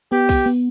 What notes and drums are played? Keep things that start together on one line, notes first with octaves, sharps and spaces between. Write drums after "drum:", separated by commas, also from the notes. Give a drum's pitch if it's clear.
B3 G4
drum: kick B1, open hi-hat
B3